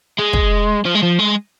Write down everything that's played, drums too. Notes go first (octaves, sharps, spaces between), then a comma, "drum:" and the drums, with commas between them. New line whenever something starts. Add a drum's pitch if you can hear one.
G#3
drum: kick
F3
G#3
F3
G#3